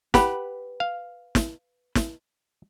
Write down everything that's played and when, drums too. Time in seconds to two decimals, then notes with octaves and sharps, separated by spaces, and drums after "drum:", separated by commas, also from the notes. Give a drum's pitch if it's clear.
0.14 G4 B4 F#5 B5, drum: snare
0.80 F5
1.35 drum: snare
1.95 drum: snare